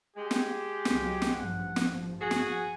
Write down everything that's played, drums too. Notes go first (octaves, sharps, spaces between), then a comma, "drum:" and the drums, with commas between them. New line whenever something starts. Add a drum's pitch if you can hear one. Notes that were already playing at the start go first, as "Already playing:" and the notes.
G#3 G4
drum: snare
C2 F#3, drum: snare
drum: snare
A1 G2 F3 F#5
drum: snare
F#4 G#4 G#5
drum: snare